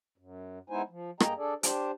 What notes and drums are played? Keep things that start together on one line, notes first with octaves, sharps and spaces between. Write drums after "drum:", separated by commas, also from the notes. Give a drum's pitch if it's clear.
F#2
G#3 B3 D#4 E4 C5 G#5
F3
G2 A#3 G#4 D#5 G5 A#5, drum: rim click
D4 G#4 A4 D5
D4 G4 C5, drum: hi-hat